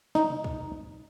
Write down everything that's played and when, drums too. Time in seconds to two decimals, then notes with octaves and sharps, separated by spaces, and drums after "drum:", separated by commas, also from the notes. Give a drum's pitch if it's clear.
0.15 D#4, drum: snare
0.30 drum: tom B2
0.44 drum: kick